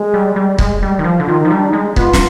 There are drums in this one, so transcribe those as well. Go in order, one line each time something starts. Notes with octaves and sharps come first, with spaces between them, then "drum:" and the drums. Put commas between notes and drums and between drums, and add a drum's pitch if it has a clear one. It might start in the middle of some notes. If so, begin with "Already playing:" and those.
Already playing: G#3
G3
G3
G#3, drum: kick C#1
G3
D#3
F3
D3
D#3 F4
F3 D#4
G3 D4
D#4
G#3
B3 F4, drum: kick C#1
drum: snare